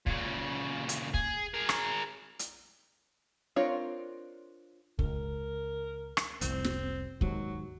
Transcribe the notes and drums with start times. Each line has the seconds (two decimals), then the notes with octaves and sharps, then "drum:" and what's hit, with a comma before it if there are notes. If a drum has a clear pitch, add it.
0.06 A#2 C#3, drum: kick
0.89 drum: hi-hat
1.14 G#4, drum: kick
1.54 G#4 A#4
1.69 drum: rim click
2.39 drum: hi-hat
3.56 C4 D4 F4 A#4 C#5
4.99 C#2 A#4, drum: kick
6.17 drum: rim click
6.41 F1 C2 C4, drum: hi-hat
6.64 drum: snare
7.21 D#2 G#2 F#3, drum: kick